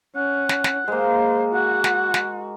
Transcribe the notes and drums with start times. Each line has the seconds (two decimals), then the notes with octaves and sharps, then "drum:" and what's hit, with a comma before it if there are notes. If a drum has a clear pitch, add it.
0.16 C#4 F#5
0.49 drum: snare
0.64 drum: snare
0.88 G#3 A#3 C5
1.54 F#4 F#5
1.84 drum: snare
2.14 drum: snare